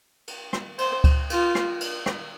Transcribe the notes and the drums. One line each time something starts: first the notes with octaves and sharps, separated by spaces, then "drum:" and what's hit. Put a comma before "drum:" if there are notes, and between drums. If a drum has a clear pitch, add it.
drum: cymbal
drum: rim click
C5, drum: cymbal
drum: kick C#2, cymbal
F4, drum: cymbal
drum: rim click
drum: cymbal
drum: rim click